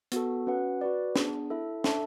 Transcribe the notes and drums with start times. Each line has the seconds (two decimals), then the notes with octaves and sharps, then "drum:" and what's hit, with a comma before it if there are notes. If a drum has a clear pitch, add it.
0.12 B3 F#4 A4, drum: hi-hat
0.47 C#4 F#4 B4 F#5
0.81 F#4 B4 D5
1.16 B3 D4 G#4, drum: snare
1.50 E4 A4 E5
1.84 D4 A4 E5 A5, drum: snare